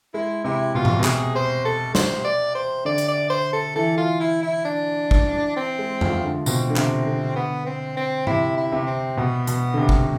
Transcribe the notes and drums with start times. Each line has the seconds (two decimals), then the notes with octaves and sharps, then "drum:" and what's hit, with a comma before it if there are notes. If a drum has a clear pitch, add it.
0.14 G#3 E4
0.44 C3 E4
0.75 B2 F4
0.85 drum: tom G#2
0.99 B2
1.04 C3 G#4, drum: clap
1.35 C5
1.65 A4
1.95 C5, drum: snare
2.24 D5
2.55 C5
2.85 D3 D5
2.98 drum: hi-hat
3.08 D5
3.30 C5
3.53 A4
3.75 E3 A4
3.98 F4
4.20 E4
4.43 E4
4.65 D4
5.11 drum: kick
5.56 C4
5.79 G#3
6.01 F3, drum: tom F2
6.24 D3
6.46 B2 C4, drum: tambourine
6.70 D3
6.76 C3, drum: clap
7.06 D3
7.36 B3
7.66 C4
7.97 C4
8.27 C3 E4, drum: tom G#2
8.58 E4
8.72 C3
8.87 C4
9.17 B2 B3
9.47 B2, drum: hi-hat
9.74 D3
9.78 C3
9.89 drum: kick